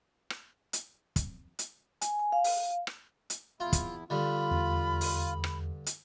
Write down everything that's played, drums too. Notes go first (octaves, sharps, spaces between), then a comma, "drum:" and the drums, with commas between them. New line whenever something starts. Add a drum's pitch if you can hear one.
drum: rim click
drum: hi-hat
drum: kick, hi-hat
drum: hi-hat
G#5, drum: hi-hat
G#5
F5
drum: open hi-hat
drum: rim click
drum: hi-hat
E2 E4 F4
drum: kick, hi-hat
G2 D3 F4 B5
E2
drum: open hi-hat
drum: rim click
drum: hi-hat